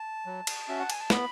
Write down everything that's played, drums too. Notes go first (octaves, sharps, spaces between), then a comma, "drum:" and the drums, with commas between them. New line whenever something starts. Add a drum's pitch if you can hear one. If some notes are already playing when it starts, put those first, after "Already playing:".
Already playing: A5
F#3
drum: cymbal
C#4 F#4 E5
F#5
G#5, drum: cymbal
A5
B3 B5, drum: snare